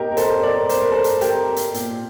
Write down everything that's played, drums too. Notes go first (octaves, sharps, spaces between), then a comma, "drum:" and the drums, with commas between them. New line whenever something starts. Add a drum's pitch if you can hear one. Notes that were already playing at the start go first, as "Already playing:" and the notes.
Already playing: A#2 D#4 G4 A#4
A#4
A4 C5, drum: hi-hat
A#4 D5
C5, drum: hi-hat
A#4
A4 C5
drum: hi-hat
G4 A#4, drum: hi-hat
drum: hi-hat
A#2, drum: hi-hat